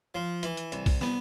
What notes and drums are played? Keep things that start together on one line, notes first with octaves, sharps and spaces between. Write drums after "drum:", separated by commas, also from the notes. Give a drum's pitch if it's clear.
F3
E3, drum: hi-hat
drum: hi-hat
C2, drum: hi-hat
drum: kick B1, open hi-hat
B3, drum: snare